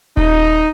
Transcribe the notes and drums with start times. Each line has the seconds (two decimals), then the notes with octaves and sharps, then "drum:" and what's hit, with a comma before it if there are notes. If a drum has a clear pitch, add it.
0.17 D#4, drum: kick D#1